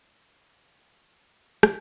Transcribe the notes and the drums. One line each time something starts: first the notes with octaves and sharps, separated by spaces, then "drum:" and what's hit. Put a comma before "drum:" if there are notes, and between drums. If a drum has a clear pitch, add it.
G#3
D4
E4
G4
F#5
B2
F5
G5
D4
G3
B5, drum: rim click